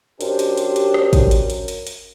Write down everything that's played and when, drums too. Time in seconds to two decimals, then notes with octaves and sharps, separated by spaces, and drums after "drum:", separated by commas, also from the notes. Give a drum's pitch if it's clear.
0.21 F#2 D4 G4 C5, drum: hi-hat
0.39 drum: hi-hat
0.57 drum: hi-hat
0.76 drum: hi-hat
0.94 drum: rim click
1.13 drum: kick, hi-hat
1.31 drum: hi-hat
1.50 drum: hi-hat
1.68 drum: hi-hat
1.87 drum: hi-hat